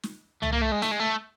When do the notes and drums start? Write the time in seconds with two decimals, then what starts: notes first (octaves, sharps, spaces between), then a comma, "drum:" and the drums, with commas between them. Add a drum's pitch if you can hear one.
0.03 drum: snare
0.43 A3, drum: tom
0.53 A#3
0.62 A3
0.72 G#3
0.82 A3, drum: snare
0.92 G#3
0.99 A3